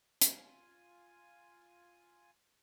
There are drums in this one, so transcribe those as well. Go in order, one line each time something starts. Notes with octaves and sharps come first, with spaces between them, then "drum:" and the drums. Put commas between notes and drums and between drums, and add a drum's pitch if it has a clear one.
F4 G#5, drum: hi-hat